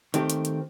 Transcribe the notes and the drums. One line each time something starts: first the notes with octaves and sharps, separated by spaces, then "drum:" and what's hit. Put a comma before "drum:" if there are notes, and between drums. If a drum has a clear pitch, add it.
D#3 A3 C4 G4, drum: hi-hat
drum: hi-hat
drum: hi-hat